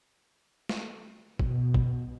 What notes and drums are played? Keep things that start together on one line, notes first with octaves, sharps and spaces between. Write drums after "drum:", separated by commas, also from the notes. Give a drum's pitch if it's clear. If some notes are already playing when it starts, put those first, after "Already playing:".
drum: snare
B2, drum: kick
drum: kick